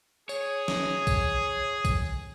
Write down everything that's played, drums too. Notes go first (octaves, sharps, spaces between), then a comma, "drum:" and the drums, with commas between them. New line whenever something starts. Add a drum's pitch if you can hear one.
G#4 C#5, drum: tambourine
drum: snare
drum: kick, tambourine
drum: kick, tambourine